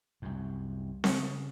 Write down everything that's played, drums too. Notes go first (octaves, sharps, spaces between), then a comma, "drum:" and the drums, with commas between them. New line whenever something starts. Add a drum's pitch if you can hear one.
C2 F#2
C#3, drum: snare C4